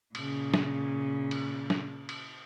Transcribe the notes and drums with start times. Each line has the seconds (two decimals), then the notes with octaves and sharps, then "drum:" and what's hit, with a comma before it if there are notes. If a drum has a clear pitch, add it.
0.15 A#2 C#3, drum: cymbal
0.54 drum: snare
1.31 drum: cymbal
1.70 drum: snare
2.09 drum: cymbal